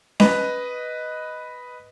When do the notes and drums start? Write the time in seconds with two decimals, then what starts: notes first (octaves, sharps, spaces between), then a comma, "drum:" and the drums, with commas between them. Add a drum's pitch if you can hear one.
0.20 B4 D#5, drum: snare C#4